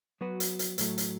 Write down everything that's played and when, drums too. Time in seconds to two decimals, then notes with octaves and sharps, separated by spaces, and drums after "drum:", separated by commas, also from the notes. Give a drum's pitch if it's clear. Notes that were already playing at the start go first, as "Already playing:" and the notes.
0.21 F#3 B3 F#4 B4
0.40 drum: hi-hat
0.59 drum: hi-hat
0.78 A2 F#3 A3, drum: hi-hat
0.98 drum: hi-hat